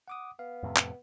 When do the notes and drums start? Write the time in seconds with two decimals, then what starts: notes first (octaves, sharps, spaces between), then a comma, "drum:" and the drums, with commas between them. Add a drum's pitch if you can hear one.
0.08 F#5 D6 D#6
0.39 B3 F5
0.63 F2 A2 C3
0.76 drum: clap